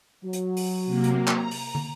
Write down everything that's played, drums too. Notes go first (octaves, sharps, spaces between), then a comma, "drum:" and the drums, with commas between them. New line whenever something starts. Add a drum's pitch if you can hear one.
F#3
drum: hi-hat
drum: open hi-hat
C3 A#3
drum: hi-hat
A#5, drum: clap
drum: open hi-hat
drum: tom